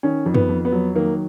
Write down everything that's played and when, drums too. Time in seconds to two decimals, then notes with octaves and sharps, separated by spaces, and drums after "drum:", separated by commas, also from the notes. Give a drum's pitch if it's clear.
0.03 D#3 C#4
0.26 F2
0.34 B3, drum: tom
0.49 F2
0.65 B3
0.72 F#3
0.95 D#3 A#3